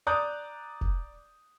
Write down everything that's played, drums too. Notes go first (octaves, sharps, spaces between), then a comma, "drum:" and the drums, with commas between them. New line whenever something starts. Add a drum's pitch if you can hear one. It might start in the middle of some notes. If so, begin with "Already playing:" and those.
D5 A#5 D6 D#6 F#6 G6
drum: kick F1